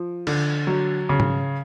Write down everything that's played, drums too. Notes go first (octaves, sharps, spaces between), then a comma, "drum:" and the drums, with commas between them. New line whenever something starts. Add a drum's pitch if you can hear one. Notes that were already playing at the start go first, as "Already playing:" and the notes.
Already playing: F3
D3, drum: cymbal
F#3
C#3
drum: tom G#2